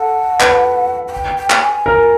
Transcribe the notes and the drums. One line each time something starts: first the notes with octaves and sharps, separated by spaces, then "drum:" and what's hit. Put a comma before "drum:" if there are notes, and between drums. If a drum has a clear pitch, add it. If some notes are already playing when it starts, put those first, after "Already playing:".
Already playing: A4 F#5
B4, drum: clap
F#5
G5
G5
G5, drum: clap
G#5
A#4